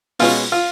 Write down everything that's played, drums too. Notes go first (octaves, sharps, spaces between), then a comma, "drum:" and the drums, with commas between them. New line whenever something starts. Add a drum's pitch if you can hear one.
B2 G#3 C#4 F4, drum: open hi-hat
F4